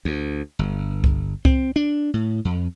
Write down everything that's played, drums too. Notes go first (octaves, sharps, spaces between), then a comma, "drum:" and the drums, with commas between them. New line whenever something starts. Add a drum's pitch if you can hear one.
D2
G1
drum: kick C2
C4, drum: kick C2
D4
A2
F2